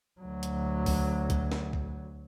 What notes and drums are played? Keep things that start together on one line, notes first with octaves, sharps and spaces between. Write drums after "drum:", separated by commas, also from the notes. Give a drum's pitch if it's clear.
D2 F#3
drum: hi-hat
drum: kick, open hi-hat
drum: kick, hi-hat
drum: snare
drum: kick